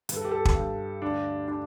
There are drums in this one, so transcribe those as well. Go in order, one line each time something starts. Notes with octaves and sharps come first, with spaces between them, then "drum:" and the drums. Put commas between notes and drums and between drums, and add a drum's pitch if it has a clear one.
G2 B4, drum: hi-hat
A4
G4
A4
drum: kick
G2
D2 D4
D4